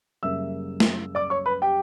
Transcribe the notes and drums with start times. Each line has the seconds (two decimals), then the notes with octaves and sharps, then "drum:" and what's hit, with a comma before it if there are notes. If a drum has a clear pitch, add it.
0.23 F#2 C#3 G3 A#3 E5 E6
0.80 drum: snare
1.15 D5 D6
1.30 C#5 C#6
1.46 B4 B5
1.62 G4 G5